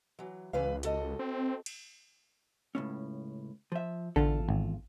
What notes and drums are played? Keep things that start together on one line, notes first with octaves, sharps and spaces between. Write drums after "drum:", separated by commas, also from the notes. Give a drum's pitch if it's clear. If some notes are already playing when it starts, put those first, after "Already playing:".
E3 F#3
C#2 E3 B4 F5
F#4 A4 D#5, drum: hi-hat
C4
drum: cymbal
C#2 A2 C#4
F3 E5
E2 D3 F4 A4, drum: kick A1
G#1